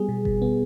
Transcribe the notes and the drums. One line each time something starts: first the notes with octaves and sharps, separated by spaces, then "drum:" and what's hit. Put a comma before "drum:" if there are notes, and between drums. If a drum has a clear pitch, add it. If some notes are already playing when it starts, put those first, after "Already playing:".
Already playing: G3 B3 G#4
B2
B2, drum: kick F#1
B3